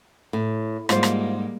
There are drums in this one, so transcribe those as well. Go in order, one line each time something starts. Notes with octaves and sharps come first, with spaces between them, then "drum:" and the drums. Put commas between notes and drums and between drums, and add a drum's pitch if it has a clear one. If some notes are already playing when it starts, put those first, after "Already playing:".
A2
G#2 G3 G#3 A#3 F4 C5, drum: rim click
drum: rim click